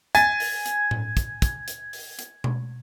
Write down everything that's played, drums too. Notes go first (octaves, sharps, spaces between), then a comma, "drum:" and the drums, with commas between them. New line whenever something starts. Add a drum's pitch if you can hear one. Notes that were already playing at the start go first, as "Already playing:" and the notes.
G#5 G#6 A6, drum: hi-hat
drum: open hi-hat
drum: hi-hat
drum: tom A2
drum: kick, hi-hat
drum: kick, hi-hat
drum: hi-hat
drum: open hi-hat
drum: hi-hat
drum: tom B2